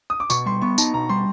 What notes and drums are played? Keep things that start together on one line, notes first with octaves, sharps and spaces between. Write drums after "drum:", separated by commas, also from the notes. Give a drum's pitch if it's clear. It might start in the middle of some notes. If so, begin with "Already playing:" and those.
D#6
D6
B2 C#6, drum: tambourine
G3 C6
B3 C#6
D#4 A5, drum: tambourine
B2 A#5
G3 C6